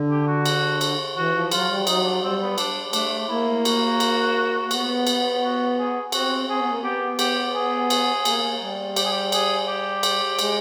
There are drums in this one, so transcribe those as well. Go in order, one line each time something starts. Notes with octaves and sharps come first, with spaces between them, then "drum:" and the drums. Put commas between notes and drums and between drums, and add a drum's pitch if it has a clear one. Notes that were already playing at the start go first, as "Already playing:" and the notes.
Already playing: D3
G4
F#4
drum: cymbal
drum: cymbal
E3 F#4
F3
F#3 F4, drum: cymbal
G3
F#3 D#4, drum: cymbal
D4
G3 C4
B3
D4, drum: cymbal
A3 D4, drum: cymbal
A#3 E4
F#4, drum: cymbal
drum: cymbal
A#3
B3, drum: cymbal
drum: cymbal
F#4
G#4
C4 F#4, drum: cymbal
C4 G#4
B3
A#3
B3 G4
G4, drum: cymbal
G#4
drum: cymbal
A#3, drum: cymbal
G3
G4, drum: cymbal
G#4
G4
G#4, drum: cymbal
G4
drum: cymbal
G#3, drum: cymbal